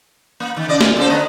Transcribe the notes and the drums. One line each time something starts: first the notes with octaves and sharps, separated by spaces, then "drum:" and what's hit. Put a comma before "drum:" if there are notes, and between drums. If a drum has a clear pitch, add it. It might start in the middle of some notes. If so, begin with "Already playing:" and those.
A#3
D#3
C#3 D5 D#5
F4, drum: snare
C#3 A4 C5
D3 B3 D#5